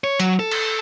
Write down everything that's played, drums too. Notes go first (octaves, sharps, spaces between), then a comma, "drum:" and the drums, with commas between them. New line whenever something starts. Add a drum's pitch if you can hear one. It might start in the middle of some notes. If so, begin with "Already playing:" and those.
C#5
F#3, drum: hi-hat
A4
drum: cymbal